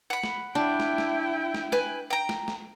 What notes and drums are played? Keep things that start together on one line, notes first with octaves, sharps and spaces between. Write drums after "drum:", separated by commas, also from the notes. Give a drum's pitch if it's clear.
F#5 B5
drum: snare
D4 E4 G5
drum: snare
drum: snare
drum: snare
B4 G#5, drum: snare
G5 A#5
drum: snare
drum: snare